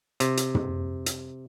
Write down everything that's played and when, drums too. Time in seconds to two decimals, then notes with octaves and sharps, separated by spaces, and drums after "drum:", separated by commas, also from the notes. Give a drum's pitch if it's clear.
0.20 C3, drum: hi-hat
0.37 drum: hi-hat
0.55 drum: tom
1.06 drum: hi-hat